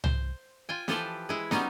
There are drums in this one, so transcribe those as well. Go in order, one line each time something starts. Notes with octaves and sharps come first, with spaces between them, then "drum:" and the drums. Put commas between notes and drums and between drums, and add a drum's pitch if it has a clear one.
C5, drum: tom C2
F4 G5 G#5
E3 F3 G4 A4 B4 C5, drum: snare
G#3 E4 G#4
F#3 G3 B3 C#4 D#4, drum: snare